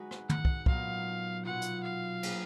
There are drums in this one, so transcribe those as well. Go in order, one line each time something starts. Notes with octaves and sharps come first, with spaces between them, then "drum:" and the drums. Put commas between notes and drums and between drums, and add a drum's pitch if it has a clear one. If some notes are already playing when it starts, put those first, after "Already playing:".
Already playing: G#3 D#4 F#4 B4
drum: rim click
F#5, drum: tom
drum: kick
A#2 F#3 B3 D#4 F5, drum: kick
B2 F#3 B3 F4 F#5
drum: hi-hat
F5
A#3 D4 G#4 B4, drum: cymbal